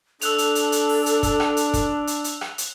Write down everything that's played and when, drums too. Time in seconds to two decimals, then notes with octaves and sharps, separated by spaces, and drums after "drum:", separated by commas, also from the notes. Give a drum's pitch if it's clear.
0.21 D4 A4 E6 F#6 F7, drum: hi-hat
0.38 drum: hi-hat
0.55 drum: hi-hat
0.72 drum: hi-hat
0.89 drum: open hi-hat
1.06 drum: hi-hat
1.23 drum: kick, hi-hat
1.40 drum: rim click
1.57 drum: hi-hat
1.74 drum: kick, hi-hat
2.07 drum: hi-hat
2.24 drum: hi-hat
2.41 drum: rim click
2.58 drum: hi-hat